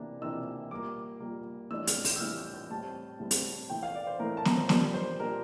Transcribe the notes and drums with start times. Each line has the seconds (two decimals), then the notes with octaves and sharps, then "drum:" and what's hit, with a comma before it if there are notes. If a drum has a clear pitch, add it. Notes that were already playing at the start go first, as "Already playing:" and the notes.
Already playing: C3 E3 A#3 D4
0.21 C3 E3 A#3 D4 E6
0.71 A#2 G3 A#3 D6
1.20 A#2 G3 A#3
1.71 A2 E3 G3 D4 E6
1.87 F6, drum: hi-hat
2.05 G6, drum: open hi-hat
2.16 E6
2.20 A2 E3 G3 D4 F6
2.37 G6
2.54 G6
2.71 A2 G3 C4 A5
3.20 A2 G3 C4
3.31 drum: hi-hat
3.69 A2 E3 A3 G5
3.83 F5
3.95 D5
4.07 C5
4.20 A2 E3 A3 A#4
4.37 A5
4.45 A#5, drum: snare
4.57 C5
4.69 A#2 G3 D4 A#4, drum: snare
4.94 C5
5.20 A#2 G3 D4 A#4